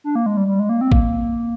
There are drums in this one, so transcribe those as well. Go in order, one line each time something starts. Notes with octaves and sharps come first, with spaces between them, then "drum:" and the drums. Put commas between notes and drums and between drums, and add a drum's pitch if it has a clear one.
D4
A#3
G#3
G3
G3
G#3
A#3
C4
A#3, drum: kick